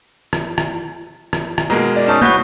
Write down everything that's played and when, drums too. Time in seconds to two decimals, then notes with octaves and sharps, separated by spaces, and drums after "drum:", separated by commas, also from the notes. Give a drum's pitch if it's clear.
0.33 drum: rim click
0.58 drum: rim click
1.33 drum: rim click
1.58 drum: rim click
1.70 B2 G#3 A#3 A#5
1.96 D5
2.08 C#4 D#4 A5 D#6
2.21 C2 A#3 F#4 B4 C#5 G6 G7